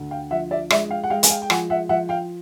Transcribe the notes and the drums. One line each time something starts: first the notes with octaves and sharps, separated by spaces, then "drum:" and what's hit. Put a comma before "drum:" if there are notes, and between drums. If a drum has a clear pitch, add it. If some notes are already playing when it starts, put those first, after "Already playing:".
Already playing: D2
F5 G5
F3 E5 F#5
D5 E5
G#3 D5 E5, drum: rim click
F5 G5
F#5
G#3 F5 G5
G#5, drum: hi-hat
F5 G5
G5
F3 F#5 G#5, drum: rim click
E5 F#5
F3 E5 F#5
F5 G5